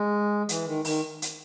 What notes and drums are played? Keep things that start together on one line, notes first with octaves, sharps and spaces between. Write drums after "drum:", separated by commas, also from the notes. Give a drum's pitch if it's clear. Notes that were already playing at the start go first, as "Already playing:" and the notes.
Already playing: G#3
E3, drum: hi-hat
D#3
D#3, drum: open hi-hat
drum: hi-hat